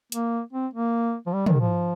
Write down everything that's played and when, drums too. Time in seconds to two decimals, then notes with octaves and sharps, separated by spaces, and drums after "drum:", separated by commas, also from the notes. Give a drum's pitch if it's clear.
0.12 A#3, drum: hi-hat
0.53 C4
0.73 A#3
1.27 F3
1.33 G3
1.46 D#3, drum: tom
1.60 F3